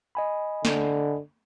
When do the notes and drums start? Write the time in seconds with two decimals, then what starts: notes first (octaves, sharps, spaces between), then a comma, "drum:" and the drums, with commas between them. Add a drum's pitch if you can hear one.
0.15 D#5 G#5 B5
0.65 D3, drum: snare